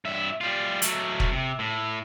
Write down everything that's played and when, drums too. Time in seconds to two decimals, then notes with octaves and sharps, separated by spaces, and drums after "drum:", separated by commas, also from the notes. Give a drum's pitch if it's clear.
0.05 G2 E5
0.41 G3 F4
0.82 F#3 A3, drum: hi-hat
1.20 drum: kick F1
1.31 C3
1.59 A2